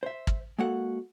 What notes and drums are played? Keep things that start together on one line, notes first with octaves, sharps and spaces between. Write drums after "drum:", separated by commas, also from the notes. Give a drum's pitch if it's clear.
C5 E5
drum: kick
G#3 A#3 F#4 A4 F#5